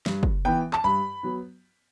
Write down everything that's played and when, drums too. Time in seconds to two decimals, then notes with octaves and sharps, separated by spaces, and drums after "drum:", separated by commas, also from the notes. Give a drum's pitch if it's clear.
0.06 G2, drum: snare
0.23 drum: kick
0.45 E3 B3 G5
0.73 A5, drum: clap
0.84 G2 B5
1.23 F#3 B3